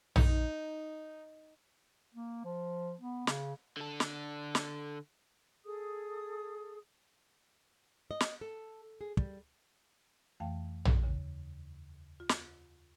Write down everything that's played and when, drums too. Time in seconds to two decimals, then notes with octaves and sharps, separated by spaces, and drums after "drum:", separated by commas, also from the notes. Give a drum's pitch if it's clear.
0.16 D#4, drum: tom A#1
2.14 A#3
2.45 F3
3.00 B3
3.27 C#3, drum: snare
3.77 D3 A4
4.00 drum: snare
4.55 drum: snare
5.65 G#4 A4 D#6
8.11 D#5
8.20 drum: snare
8.41 A4
9.01 G#4
9.17 G3, drum: kick
10.40 F2 E3 A3 F5 G5
10.85 drum: tom A#1
11.03 D#2 C#3
12.20 F4
12.29 drum: snare